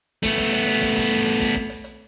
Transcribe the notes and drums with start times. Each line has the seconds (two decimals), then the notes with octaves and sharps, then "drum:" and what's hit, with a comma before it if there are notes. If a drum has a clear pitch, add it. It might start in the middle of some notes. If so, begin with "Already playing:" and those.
0.23 A3 B3, drum: kick, hi-hat
0.37 drum: kick, hi-hat
0.52 drum: hi-hat
0.67 drum: hi-hat
0.81 drum: kick, hi-hat
0.96 drum: kick, hi-hat
1.11 drum: hi-hat
1.25 drum: hi-hat
1.40 drum: kick, hi-hat
1.55 drum: kick, hi-hat
1.69 drum: hi-hat
1.84 drum: hi-hat